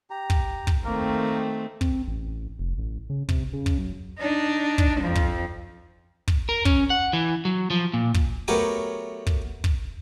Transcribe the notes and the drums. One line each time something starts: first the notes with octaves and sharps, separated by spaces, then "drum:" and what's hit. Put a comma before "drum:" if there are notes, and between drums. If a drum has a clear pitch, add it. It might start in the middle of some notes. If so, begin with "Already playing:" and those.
G4 A#5
drum: kick
drum: kick
D#3 A3 A#3 C4 A#4
C4, drum: kick
A1
F1
A1
C#3
C3, drum: kick
C#3
drum: kick
F#2
D4 D#4
drum: kick
F2 F3
drum: kick
drum: kick
A#4
C#4, drum: kick
F#5
E3
F#3
F3
A#2
drum: kick
F#3 A3 B3 G4 A#4 C#5
drum: kick
drum: kick